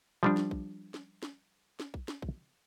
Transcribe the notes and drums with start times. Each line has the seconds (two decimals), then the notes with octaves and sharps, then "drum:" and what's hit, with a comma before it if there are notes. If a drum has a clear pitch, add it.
0.23 F3 G3 D4
0.37 drum: snare
0.51 drum: kick A#1
0.94 drum: snare
1.23 drum: snare
1.80 drum: snare
1.94 drum: kick A#1
2.08 drum: snare
2.22 drum: kick A#1